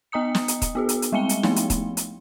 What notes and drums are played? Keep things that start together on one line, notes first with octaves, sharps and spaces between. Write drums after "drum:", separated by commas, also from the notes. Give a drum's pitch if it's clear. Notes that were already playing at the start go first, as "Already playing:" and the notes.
B3 D#5 A#5 D#6 C#7
drum: snare
drum: hi-hat
drum: kick D#1, hi-hat
B3 F#4 G#4
drum: hi-hat
drum: hi-hat
G3 G#3 C4 G5 C#7 G7
drum: hi-hat
F3 A3 B3 D#4 E4, drum: snare
drum: hi-hat
drum: kick D#1, hi-hat
drum: hi-hat